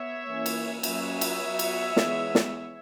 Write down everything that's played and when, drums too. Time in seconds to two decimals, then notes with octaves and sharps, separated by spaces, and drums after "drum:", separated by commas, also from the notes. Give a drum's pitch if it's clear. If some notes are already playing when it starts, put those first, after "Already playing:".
Already playing: B3 C#5 E5
0.27 E3 A#3 C#4
0.46 drum: cymbal
0.83 F#3 A#3 C#4 C#5 E5, drum: cymbal
1.21 drum: cymbal
1.40 F#3 B3
1.59 drum: cymbal
1.97 E3 G#3 B3, drum: snare
2.35 drum: snare